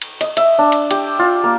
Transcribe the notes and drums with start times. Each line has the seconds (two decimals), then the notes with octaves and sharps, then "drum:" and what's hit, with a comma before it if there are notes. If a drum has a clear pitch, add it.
0.02 drum: cymbal
0.21 D#5, drum: cymbal
0.37 E5, drum: cymbal
0.59 D4
0.72 drum: cymbal
0.91 G4, drum: cymbal
1.19 F4
1.44 A#3